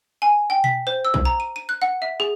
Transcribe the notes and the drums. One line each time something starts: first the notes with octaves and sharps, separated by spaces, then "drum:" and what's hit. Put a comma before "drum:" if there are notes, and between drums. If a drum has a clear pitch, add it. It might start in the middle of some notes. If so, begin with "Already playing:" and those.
G#5
G5
B6, drum: tom B2
C5
E6
drum: kick
A#5
D#7
D#7
F#6
F#5
E5
G#4